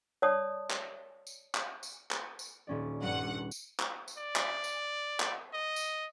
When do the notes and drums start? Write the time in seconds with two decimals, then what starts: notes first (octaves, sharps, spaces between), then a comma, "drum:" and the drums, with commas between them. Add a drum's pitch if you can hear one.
0.22 C#5 D5 A5 D#6
0.70 drum: clap
1.27 drum: tambourine
1.55 drum: clap
1.83 drum: tambourine
2.11 drum: clap
2.39 drum: tambourine
2.67 D#1 C#4 D5
3.02 G2 F#5 D#7
3.51 drum: tambourine
3.80 drum: clap
4.08 drum: tambourine
4.18 D5
4.36 drum: clap
4.64 drum: tambourine
5.20 drum: clap
5.54 D#5
5.76 drum: tambourine